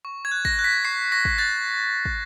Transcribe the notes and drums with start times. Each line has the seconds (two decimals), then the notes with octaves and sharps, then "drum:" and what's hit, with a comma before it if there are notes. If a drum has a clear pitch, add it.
0.05 C#6
0.25 G#6
0.32 F#6
0.45 A#6, drum: kick
0.59 F#6
0.64 B6
0.85 C#6 C7
1.12 C#6 A#6
1.25 drum: kick
1.38 F#6 A6
2.05 drum: kick